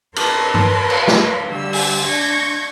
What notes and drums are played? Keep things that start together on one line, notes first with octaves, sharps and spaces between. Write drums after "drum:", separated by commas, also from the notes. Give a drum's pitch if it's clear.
A#4 B4 C#5 A5 C6, drum: cymbal
drum: tom G2
drum: cymbal
drum: snare
D3 G3 G4 E6
drum: open hi-hat
D4 C#6 G6 G#6 A#6